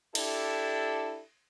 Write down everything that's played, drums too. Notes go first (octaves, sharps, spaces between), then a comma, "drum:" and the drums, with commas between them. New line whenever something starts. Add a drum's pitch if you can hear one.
D4 E4 G4 A4, drum: cymbal